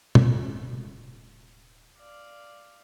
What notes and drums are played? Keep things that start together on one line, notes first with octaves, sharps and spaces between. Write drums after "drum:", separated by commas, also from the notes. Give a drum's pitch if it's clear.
D1 A2, drum: tom
D5 F5